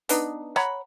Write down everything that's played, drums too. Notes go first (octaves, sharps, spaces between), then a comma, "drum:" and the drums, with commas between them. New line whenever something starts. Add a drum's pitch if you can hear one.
B3 D4 D#4, drum: hi-hat
C#5 F#5 A#5 B5, drum: rim click